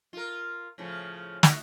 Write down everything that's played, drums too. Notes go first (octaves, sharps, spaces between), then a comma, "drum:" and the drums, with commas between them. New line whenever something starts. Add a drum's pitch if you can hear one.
F4 A#4
A2 C#3 F3
F#4 E5, drum: snare